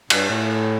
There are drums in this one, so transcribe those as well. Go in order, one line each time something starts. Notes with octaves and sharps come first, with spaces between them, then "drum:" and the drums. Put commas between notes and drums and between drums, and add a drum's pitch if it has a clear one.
G2, drum: cymbal
A2